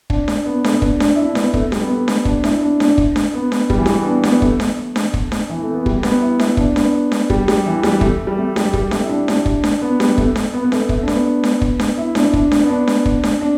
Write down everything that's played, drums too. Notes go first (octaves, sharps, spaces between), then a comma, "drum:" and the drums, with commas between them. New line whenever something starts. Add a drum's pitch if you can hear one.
D4, drum: kick
drum: snare D4
B3
A3, drum: snare D4
B3
D4, drum: kick
D4, drum: snare D4
E4
D4
B3, drum: snare D4
A3, drum: kick
G3, drum: snare D4
B3
A3
drum: snare D4
D4, drum: kick
E4, drum: snare D4
D4
D4, drum: snare D4
drum: kick
drum: snare D4
B3
drum: snare D4
G3, drum: kick
E3
G3, drum: snare D4
B3
D4
B3, drum: snare D4
A3, drum: kick
drum: snare D4
drum: snare D4
drum: kick
drum: snare D4
E3
A3
B3
G3, drum: kick
B3, drum: snare D4
E4
E4, drum: snare D4
D4, drum: kick
B3, drum: snare D4
drum: snare D4
G3, drum: kick
G3, drum: snare D4
E3
G3, drum: snare D4
A3, drum: kick
G3
A3
G3, drum: snare D4
G3, drum: kick
A3, drum: snare D4
E4
D4
D4, drum: snare D4
drum: kick
drum: snare D4
B3
G3, drum: snare D4
A3, drum: kick
drum: snare D4
B3
B3
A3, drum: snare D4
A3, drum: kick
D4
B3, drum: snare D4
drum: snare D4
drum: kick
drum: snare D4
E4
D4, drum: snare D4
D4, drum: kick
drum: snare D4
B3
D4
drum: snare D4
drum: kick
drum: snare D4
D4